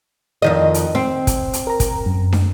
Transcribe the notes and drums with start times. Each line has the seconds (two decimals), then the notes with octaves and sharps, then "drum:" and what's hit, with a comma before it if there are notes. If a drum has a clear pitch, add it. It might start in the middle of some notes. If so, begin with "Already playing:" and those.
0.42 F2 D#3 D#5
0.74 drum: hi-hat
0.95 C4
1.27 drum: kick, hi-hat
1.53 drum: hi-hat
1.67 A#4 A#5
1.80 drum: kick, hi-hat
2.06 F#2
2.33 drum: snare